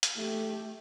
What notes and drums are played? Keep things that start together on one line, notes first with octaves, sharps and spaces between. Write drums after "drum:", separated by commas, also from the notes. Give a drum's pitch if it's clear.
drum: hi-hat
A3 G4